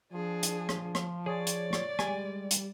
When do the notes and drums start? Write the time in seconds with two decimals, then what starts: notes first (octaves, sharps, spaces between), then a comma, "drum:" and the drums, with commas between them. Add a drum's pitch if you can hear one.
0.13 F3 D4 G#4
0.43 drum: hi-hat
0.69 drum: rim click
0.95 drum: rim click
1.26 G#4 C#5 D5
1.47 drum: hi-hat
1.73 drum: rim click
1.99 G3 G#3 G#5, drum: rim click
2.51 drum: hi-hat